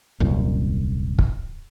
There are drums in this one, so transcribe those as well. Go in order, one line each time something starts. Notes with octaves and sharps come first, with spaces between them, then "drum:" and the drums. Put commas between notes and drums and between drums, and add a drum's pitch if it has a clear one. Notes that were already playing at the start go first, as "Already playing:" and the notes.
D#1 C2 F#2
drum: kick